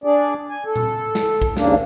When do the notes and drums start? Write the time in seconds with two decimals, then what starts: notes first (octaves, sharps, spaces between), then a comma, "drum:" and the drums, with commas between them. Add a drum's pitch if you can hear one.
0.04 D4 G#4 D5
0.49 G#5
0.66 A4
0.76 drum: tom A#2
1.15 drum: snare
1.42 drum: kick A#1
1.57 D#2 G#2 C#3 A#3 D4, drum: snare